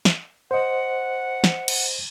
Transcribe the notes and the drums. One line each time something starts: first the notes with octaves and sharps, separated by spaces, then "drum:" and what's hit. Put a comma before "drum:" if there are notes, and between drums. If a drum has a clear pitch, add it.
drum: snare
C5 D#5 F#5
drum: snare
drum: cymbal